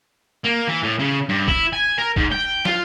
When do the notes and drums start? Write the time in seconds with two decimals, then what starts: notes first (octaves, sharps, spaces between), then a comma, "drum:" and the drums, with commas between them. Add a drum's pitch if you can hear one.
0.45 A#3
0.68 E3
0.83 A2
0.99 C#3
1.29 G2
1.48 E4, drum: kick
1.73 G#5
1.98 A#4
2.16 G#2, drum: kick
2.32 G5
2.65 F4, drum: snare